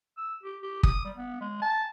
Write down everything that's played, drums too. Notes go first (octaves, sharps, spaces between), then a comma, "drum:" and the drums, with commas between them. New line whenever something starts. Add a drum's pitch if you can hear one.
E6
G4
G4
D#6, drum: kick
G3
B3
G#3
A5